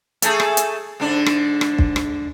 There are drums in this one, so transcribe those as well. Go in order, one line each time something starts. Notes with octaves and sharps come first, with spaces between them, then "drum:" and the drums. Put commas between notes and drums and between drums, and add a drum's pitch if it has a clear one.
A3 G#4 A4, drum: hi-hat
drum: rim click
drum: hi-hat
G#2 D3 D4
drum: rim click
drum: rim click
drum: kick
drum: rim click